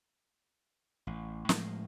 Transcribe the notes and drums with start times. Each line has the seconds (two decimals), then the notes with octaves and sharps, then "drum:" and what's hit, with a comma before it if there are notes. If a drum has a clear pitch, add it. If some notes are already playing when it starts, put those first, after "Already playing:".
1.07 A1
1.49 A2 F3 G#3, drum: snare